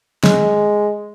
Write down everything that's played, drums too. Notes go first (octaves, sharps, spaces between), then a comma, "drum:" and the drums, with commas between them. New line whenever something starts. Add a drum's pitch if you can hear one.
G#3, drum: snare